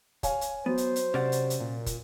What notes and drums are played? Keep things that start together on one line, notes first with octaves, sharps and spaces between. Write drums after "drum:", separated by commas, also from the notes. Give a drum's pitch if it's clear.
C#5 F5 G#5, drum: kick, hi-hat
drum: hi-hat
F#3 B3 C5
drum: hi-hat
drum: hi-hat
C3 C#4 D5 F#5, drum: snare
drum: hi-hat
drum: hi-hat
A#2
drum: kick, hi-hat